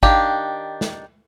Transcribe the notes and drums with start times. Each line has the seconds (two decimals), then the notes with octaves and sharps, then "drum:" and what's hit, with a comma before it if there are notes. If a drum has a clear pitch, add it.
0.03 D#3 D4 G4 F5, drum: kick G#1
0.81 drum: snare